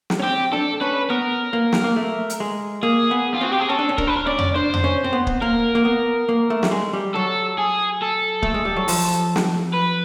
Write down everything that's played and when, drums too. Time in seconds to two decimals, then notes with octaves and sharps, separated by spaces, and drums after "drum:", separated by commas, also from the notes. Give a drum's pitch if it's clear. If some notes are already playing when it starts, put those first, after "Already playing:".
0.10 drum: snare
0.20 C#4
0.23 C4 G4
0.52 D4 A4
0.81 C#4 B4
1.10 B3 A#4
1.53 A#3
1.73 drum: snare
1.84 A#3
1.96 A3
2.30 drum: hi-hat
2.40 G#3
2.83 A#3 G#4
3.11 B3
3.35 F4
3.41 C4 F#4
3.52 G4
3.61 G#4
3.69 C#4 A4
3.79 D4
3.89 C#4
3.98 D4 A#4, drum: kick
4.07 B4
4.16 A#4
4.27 C#4 D5
4.39 drum: tom F2
4.56 D4 C5
4.74 drum: tom F2
4.84 C#4
5.04 C4
5.13 B3
5.27 drum: kick
5.42 A#3 A#4
5.75 A#3
5.85 B3
6.29 A#3
6.50 A3
6.63 G3, drum: snare
6.71 G#3
6.93 G3
7.15 F#3 A4
7.58 G#4
8.02 A4
8.43 A3, drum: kick
8.54 G#3
8.65 G3
8.76 F#3
8.88 F3, drum: open hi-hat
9.36 drum: snare
9.74 B4